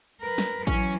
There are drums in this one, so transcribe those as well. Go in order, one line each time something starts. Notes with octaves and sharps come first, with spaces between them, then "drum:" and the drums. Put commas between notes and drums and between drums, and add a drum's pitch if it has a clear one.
A#4 B4
drum: snare
E3 F#3 C#4, drum: kick A1